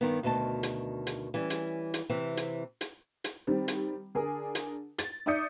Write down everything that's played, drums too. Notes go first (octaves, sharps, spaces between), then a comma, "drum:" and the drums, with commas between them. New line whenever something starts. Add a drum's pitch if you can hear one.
G2 D#3 B3
D2 B2 D#3 D#5 A5
drum: hi-hat
drum: hi-hat
E3 G3 C#4
drum: hi-hat
drum: hi-hat
C3 E3 C4
drum: hi-hat
drum: hi-hat
drum: hi-hat
D#3 G3 C4
drum: hi-hat
D3 D4 G#4 A#4
drum: hi-hat
A6, drum: hi-hat
D#4 D5 E5 D#6 G6 C#7